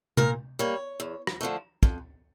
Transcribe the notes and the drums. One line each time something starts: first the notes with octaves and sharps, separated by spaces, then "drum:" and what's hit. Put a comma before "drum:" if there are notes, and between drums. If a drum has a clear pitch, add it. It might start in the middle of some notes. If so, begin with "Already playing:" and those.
A#2 A#4, drum: tom C3
G3 A#3 C#5
E2
drum: rim click
D3 F3 A3
F2, drum: kick